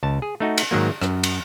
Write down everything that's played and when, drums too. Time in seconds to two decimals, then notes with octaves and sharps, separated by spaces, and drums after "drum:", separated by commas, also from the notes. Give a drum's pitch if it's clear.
0.03 C#2 A5
0.22 G#4
0.40 A3 D#4 F#4
0.58 drum: cymbal
0.71 G#2 D#3 F#3 A#3
1.02 F#2, drum: rim click
1.23 drum: cymbal